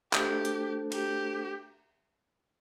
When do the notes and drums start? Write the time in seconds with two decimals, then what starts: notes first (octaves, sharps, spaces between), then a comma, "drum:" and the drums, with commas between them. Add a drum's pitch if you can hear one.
0.13 A3 D4 F#4 G4 A4 C5, drum: clap
0.45 drum: hi-hat
0.92 G4, drum: cymbal